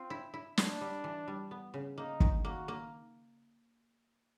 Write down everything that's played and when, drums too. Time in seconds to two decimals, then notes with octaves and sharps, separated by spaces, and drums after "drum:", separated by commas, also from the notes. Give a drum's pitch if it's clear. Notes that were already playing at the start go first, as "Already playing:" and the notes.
Already playing: C4 F4
0.10 E4
0.34 E4
0.57 D4 E4, drum: snare
0.81 G3
1.04 E3
1.28 G3
1.51 B3
1.74 C#3
1.97 A#3 D#4
2.20 D#3, drum: kick
2.44 A#3 F#4
2.68 A#3